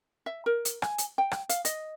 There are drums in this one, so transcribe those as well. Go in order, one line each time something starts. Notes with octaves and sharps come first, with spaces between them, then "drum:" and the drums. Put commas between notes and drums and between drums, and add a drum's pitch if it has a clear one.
E5
A#4
drum: hi-hat
G#5, drum: rim click
drum: hi-hat
G5
drum: rim click
F5, drum: hi-hat
D#5, drum: hi-hat